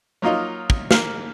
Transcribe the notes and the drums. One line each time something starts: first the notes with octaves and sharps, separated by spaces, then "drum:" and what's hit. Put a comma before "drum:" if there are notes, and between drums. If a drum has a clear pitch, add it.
F#3 A#3 D#4 F4 D#5
drum: kick
A#3 F5, drum: snare